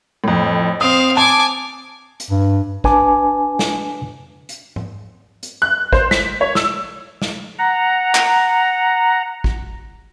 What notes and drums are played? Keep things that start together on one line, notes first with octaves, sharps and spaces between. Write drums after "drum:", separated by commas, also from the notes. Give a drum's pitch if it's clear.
F2 A2
C4 F5 D#6
G#5 A5 D6
drum: hi-hat
G2
D4 B4 G#5 A5 D6, drum: kick
drum: snare
drum: hi-hat
drum: tom G#2
drum: hi-hat
F#6
C5, drum: kick
B6, drum: snare
C#5
E6, drum: snare
drum: snare
F#5 A#5
drum: clap
drum: kick